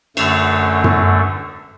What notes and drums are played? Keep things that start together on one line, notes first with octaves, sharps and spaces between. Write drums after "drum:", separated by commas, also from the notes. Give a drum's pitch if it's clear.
F#2 D3 A3, drum: cymbal
drum: tom